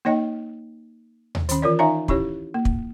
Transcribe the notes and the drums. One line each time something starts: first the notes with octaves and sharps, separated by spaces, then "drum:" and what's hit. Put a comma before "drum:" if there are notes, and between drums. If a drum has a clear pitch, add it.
A#3 D#4 C#5 D#5 G5
drum: tom D#2
D#3 C#4, drum: hi-hat
E3 F4 A#4 C#5 D5
D#4 C#5 E5 F5 G#5 A#5
C#4 E4 G4 C#5, drum: kick
A#3
drum: kick